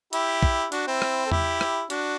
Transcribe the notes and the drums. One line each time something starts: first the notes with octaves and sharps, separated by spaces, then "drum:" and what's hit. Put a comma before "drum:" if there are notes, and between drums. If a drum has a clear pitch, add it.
E4 G4, drum: hi-hat
drum: kick
D4 F#4, drum: hi-hat
C4 E4
drum: rim click
A4
E4 G4, drum: tom E2
drum: rim click
D4 F#4, drum: hi-hat